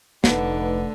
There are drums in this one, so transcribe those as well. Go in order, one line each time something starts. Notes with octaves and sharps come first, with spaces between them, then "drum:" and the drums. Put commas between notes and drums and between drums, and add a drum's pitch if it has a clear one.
F1 D3 D#4 B4 E5 F#5 D6, drum: snare